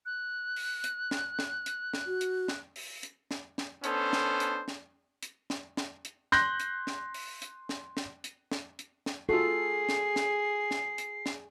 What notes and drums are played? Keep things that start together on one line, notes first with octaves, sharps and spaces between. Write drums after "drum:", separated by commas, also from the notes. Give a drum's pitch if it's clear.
F#6
drum: open hi-hat
drum: hi-hat
drum: snare
drum: snare
drum: hi-hat
drum: snare
F#4
drum: hi-hat
drum: snare
drum: open hi-hat
drum: hi-hat
drum: snare
drum: snare
B3 C#4 D4 A4 C5, drum: hi-hat
drum: snare
drum: hi-hat
drum: snare
drum: hi-hat
drum: snare
drum: snare
drum: hi-hat
C6 F#6 G6 A#6, drum: snare
drum: hi-hat
drum: snare
drum: open hi-hat
drum: hi-hat
drum: snare
drum: snare
drum: hi-hat
drum: snare
drum: hi-hat
drum: snare
F4 F#4 G#4 A4 C7
drum: snare
drum: snare
drum: snare
drum: hi-hat
drum: snare